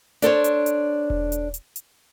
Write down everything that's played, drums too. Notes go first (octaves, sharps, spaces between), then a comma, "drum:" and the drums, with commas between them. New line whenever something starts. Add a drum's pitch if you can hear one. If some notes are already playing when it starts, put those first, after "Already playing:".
D4 A4 C5 C#5, drum: hi-hat
drum: hi-hat
drum: hi-hat
drum: kick E1
drum: hi-hat
drum: hi-hat
drum: hi-hat